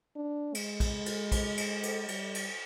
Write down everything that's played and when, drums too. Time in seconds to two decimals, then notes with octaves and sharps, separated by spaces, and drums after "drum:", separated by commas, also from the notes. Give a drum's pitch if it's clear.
0.16 D4
0.55 G#3, drum: cymbal
0.80 drum: kick A#1, cymbal
1.06 drum: cymbal
1.32 drum: kick A#1, cymbal
1.57 drum: cymbal
1.83 drum: cymbal
2.08 G3, drum: cymbal
2.35 drum: cymbal